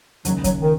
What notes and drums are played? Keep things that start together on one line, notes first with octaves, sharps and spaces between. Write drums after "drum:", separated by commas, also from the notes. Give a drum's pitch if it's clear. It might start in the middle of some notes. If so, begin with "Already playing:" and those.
D#2 C#3 F#3 G#3, drum: hi-hat
F#3, drum: kick, hi-hat
D#3